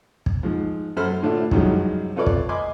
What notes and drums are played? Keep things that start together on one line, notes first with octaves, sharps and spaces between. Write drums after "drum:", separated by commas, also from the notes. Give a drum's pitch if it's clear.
drum: kick
G#2 F3
F#2 A4 C5 B5 F6
A2 D3 A3 D4 E4 F4
C2 F#2 D#3 F3 F#3 G#3, drum: kick
C4 F4 A4 B4 C#5 D5
drum: kick
D#5 G#5 B5 C6 D6